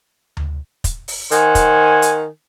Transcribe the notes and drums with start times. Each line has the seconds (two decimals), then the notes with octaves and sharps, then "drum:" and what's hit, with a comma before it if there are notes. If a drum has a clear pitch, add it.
0.37 drum: tom D2
0.84 drum: kick, hi-hat
1.08 drum: open hi-hat
1.31 D#3 C5 F#5 G#5, drum: hi-hat
1.55 drum: kick, hi-hat
2.02 drum: hi-hat